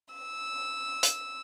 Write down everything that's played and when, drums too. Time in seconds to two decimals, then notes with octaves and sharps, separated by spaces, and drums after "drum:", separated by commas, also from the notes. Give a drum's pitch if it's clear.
0.13 E6
1.03 drum: hi-hat